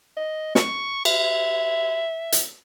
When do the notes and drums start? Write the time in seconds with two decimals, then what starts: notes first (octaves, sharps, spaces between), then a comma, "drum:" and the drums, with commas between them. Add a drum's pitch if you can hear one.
0.17 D#5
0.55 C#6, drum: snare
1.05 E5, drum: cymbal
2.32 drum: hi-hat